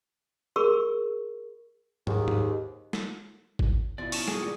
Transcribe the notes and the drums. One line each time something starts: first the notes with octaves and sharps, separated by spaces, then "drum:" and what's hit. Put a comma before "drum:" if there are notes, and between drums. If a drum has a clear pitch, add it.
G#4 A#4 B5 C#6 E6
D#2 G#2, drum: tom
drum: tom G#2
drum: snare
drum: kick G#1
B2 F3 E4 D5
C#4 D#4 A5 C#6, drum: open hi-hat
G#4 D#5, drum: snare
G3 F4 D#5 F#5